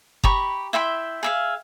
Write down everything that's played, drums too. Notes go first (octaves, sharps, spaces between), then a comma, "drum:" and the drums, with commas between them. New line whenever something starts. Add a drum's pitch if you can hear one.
G4 A#5 B5 C#6, drum: kick F#1
E4 E5 G5 C6
G#4 E5 F5